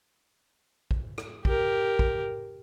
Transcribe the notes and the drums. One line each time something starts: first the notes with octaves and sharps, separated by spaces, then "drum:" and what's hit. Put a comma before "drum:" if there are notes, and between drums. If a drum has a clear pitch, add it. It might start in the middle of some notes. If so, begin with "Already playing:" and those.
drum: kick
drum: rim click
G4 A#4, drum: kick
drum: kick